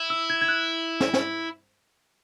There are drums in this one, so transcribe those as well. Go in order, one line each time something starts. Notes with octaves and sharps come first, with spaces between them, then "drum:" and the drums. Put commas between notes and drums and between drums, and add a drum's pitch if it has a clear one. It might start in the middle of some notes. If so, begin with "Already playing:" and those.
Already playing: E4
E6
G#6
G#6
F#6
drum: snare
drum: snare